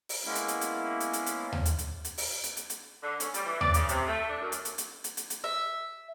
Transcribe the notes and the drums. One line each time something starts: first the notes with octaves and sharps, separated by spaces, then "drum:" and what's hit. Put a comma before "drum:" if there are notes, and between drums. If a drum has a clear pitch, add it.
drum: open hi-hat
G#3 A#3 B3 C#4 E4
drum: hi-hat
drum: hi-hat
drum: hi-hat
drum: hi-hat
drum: hi-hat
drum: hi-hat
drum: tom D#2
drum: hi-hat
drum: hi-hat
drum: hi-hat
drum: open hi-hat
drum: hi-hat
drum: hi-hat
drum: hi-hat
D3
C#4, drum: hi-hat
G3, drum: hi-hat
E3
D5, drum: tom D#2
C#3, drum: hi-hat
C3, drum: hi-hat
A3
D4
F#2
drum: hi-hat
drum: hi-hat
drum: hi-hat
drum: hi-hat
drum: hi-hat
drum: hi-hat
E5